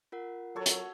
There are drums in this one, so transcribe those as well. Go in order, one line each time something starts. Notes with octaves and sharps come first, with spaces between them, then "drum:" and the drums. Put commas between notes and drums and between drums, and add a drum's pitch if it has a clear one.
F4 A#4 F#5
F#3 F#4 A4 C#5
drum: hi-hat